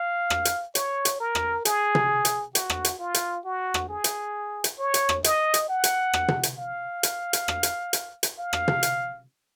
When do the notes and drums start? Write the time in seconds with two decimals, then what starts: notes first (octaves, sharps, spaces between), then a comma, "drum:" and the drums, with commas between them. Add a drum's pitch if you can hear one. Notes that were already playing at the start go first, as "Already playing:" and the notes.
Already playing: F5
0.30 drum: rim click
0.45 drum: hi-hat
0.75 C#5, drum: hi-hat
1.05 drum: hi-hat
1.20 A#4
1.35 drum: rim click
1.65 G#4, drum: hi-hat
1.95 drum: tom
2.25 drum: hi-hat
2.55 F#4, drum: hi-hat
2.70 drum: rim click
2.85 drum: hi-hat
2.99 F4
3.14 drum: hi-hat
3.45 F#4
3.74 drum: rim click
3.89 G#4
4.04 drum: hi-hat
4.64 drum: hi-hat
4.79 C#5
4.94 drum: hi-hat
5.09 drum: rim click
5.24 D#5, drum: hi-hat
5.54 drum: hi-hat
5.69 F#5
5.84 drum: hi-hat
6.13 drum: rim click
6.28 drum: tom
6.43 drum: hi-hat
6.58 F5
7.03 drum: hi-hat
7.33 drum: hi-hat
7.48 drum: rim click
7.63 drum: hi-hat
7.93 drum: hi-hat
8.23 drum: hi-hat
8.38 F5
8.53 drum: rim click
8.68 drum: tom
8.83 drum: hi-hat